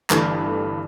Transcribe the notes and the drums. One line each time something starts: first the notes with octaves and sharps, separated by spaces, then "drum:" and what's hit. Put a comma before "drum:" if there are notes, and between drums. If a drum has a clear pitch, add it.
G1 G2 E3 A3, drum: clap